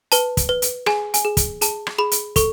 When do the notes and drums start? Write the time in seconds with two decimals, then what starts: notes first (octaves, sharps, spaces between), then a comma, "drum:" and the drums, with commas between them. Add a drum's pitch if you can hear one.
0.12 B4 A5, drum: hi-hat
0.37 drum: kick, hi-hat
0.49 B4
0.62 drum: hi-hat
0.86 G#4 G#5, drum: rim click
1.14 G#5, drum: hi-hat
1.25 G#4
1.37 drum: kick, hi-hat
1.61 G#4 A5, drum: hi-hat
1.87 drum: rim click
1.98 G#4 B5
2.11 drum: hi-hat
2.36 A4 C#6, drum: kick, hi-hat